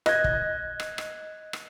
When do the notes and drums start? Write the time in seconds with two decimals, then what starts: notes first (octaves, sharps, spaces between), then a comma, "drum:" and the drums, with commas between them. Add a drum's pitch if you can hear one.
0.06 D#5 F#6 G#6, drum: rim click
0.24 drum: kick
0.80 drum: rim click
0.98 drum: rim click
1.53 drum: rim click